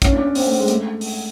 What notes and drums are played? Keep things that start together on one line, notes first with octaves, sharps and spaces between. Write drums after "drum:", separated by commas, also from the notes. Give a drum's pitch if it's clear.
C#4, drum: kick, hi-hat
D4
C#4
C4, drum: open hi-hat
A3
G#3
A3, drum: hi-hat
drum: open hi-hat